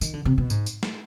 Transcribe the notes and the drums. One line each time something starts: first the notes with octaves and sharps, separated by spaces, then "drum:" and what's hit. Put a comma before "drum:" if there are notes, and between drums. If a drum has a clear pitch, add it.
D#3, drum: tambourine
D3
C3
B2
G#2, drum: tambourine
drum: tambourine
drum: snare